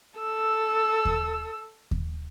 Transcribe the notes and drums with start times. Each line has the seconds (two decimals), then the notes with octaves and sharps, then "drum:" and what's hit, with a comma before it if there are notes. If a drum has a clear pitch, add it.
0.19 A4 E6
1.05 drum: kick D#2
1.91 drum: kick D#2